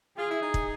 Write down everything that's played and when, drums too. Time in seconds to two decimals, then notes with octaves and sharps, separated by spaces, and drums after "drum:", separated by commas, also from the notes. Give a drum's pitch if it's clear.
0.17 F4 G#4
0.30 E4
0.42 D#4
0.54 drum: kick